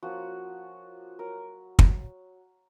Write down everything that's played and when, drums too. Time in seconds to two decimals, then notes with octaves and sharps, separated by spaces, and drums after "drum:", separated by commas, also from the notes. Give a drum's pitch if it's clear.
0.03 F3 A#3 C#4 F4 F#4
1.19 F#3 A#4
1.79 drum: kick